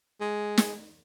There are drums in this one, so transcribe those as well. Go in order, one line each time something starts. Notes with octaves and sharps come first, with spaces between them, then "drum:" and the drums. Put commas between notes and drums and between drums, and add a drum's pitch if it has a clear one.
G#3
drum: snare